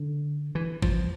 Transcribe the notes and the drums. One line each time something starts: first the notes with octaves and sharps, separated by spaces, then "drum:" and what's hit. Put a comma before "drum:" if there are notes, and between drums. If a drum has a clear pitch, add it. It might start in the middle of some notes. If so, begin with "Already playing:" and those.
Already playing: D3
E3
F3, drum: kick